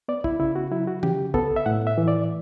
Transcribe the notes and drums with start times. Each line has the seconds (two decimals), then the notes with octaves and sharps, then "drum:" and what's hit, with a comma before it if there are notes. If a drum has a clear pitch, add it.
0.08 B3 D5
0.24 E4, drum: kick
0.40 C#3 E4
0.55 F#4
0.72 F#3 E4
0.87 F#4
1.03 C#3 G4, drum: tom
1.34 B3 A4, drum: kick
1.56 E5
1.66 A2 F#5
1.87 E5
1.98 E3
2.08 D5